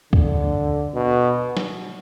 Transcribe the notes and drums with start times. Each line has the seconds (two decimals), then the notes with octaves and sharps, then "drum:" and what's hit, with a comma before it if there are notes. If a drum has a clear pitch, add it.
0.13 D3, drum: kick C#2
0.95 B2
1.57 drum: snare